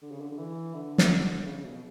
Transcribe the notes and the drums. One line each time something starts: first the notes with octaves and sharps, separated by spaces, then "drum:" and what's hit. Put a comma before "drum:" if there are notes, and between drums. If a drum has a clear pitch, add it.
D3
C#3
D3
D3
E3
D3
drum: snare
C#3
C#3
B2